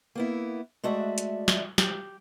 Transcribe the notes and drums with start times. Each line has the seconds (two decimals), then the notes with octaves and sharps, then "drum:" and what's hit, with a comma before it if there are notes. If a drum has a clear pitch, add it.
0.15 A#3 B3 E4
0.84 G#3 A3 F#4 D5 E5
1.18 drum: hi-hat
1.48 drum: snare
1.78 G4, drum: snare